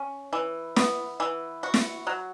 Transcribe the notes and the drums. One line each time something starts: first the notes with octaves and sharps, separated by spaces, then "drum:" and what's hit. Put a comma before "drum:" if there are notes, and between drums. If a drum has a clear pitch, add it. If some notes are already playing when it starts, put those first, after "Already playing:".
Already playing: C#4
E3
B3, drum: snare
E3
F#4
drum: snare
F#3